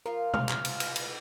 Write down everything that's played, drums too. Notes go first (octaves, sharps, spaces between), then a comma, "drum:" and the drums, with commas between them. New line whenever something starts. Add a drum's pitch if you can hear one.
F3 F4 A#4
F6, drum: tom B2
drum: clap
drum: cymbal
drum: cymbal
drum: cymbal